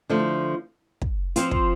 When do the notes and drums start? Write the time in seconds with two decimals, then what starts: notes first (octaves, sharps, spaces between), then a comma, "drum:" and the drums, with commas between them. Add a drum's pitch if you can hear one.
0.09 D3 F3 A3
1.01 drum: kick
1.36 F3 C4 F4, drum: hi-hat
1.51 drum: kick